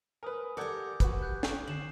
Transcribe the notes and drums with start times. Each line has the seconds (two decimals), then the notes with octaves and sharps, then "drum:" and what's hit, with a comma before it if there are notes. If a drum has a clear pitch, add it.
0.23 A#4 B4 G#5 D#6
0.57 G4 A4 A#4 D5 F#5 D6 G6 G#6
1.00 F#4 B4, drum: kick, hi-hat
1.22 F#6 G6
1.43 drum: snare
1.68 D3 C7 E7 F#7